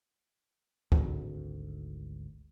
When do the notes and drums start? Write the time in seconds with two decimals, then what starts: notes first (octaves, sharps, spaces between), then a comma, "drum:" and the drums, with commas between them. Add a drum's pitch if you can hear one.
0.92 G#1 D2, drum: kick